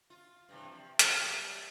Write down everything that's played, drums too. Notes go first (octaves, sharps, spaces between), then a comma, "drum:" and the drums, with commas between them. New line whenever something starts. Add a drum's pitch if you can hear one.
F4
G2 C3 E3
F3
F#4, drum: hi-hat
F#2 G3